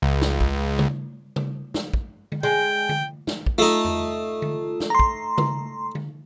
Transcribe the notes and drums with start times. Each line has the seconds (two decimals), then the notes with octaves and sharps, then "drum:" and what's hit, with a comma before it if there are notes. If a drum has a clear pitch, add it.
0.02 C#2
0.21 drum: snare
0.41 drum: kick
0.79 drum: tom C#3
1.36 drum: tom C#3
1.74 drum: snare
1.93 drum: kick
2.32 drum: tom D3
2.43 G#3 G5
2.89 drum: tom D3
3.27 drum: snare
3.46 drum: kick
3.58 A3 D#4 F4
3.85 drum: tom E2
4.42 drum: tom D3
4.80 drum: snare
4.90 A#5 C6
4.99 drum: kick
5.38 drum: tom C#3
5.95 drum: tom D3